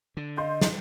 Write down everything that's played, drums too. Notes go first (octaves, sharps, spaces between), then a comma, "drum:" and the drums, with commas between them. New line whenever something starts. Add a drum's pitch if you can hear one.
D3
D#5 F5 C6 G6
drum: snare